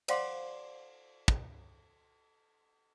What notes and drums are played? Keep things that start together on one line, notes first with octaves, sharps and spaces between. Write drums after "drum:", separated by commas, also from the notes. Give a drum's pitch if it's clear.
C5 D5 F5 F#5 C6 D6, drum: cymbal
drum: kick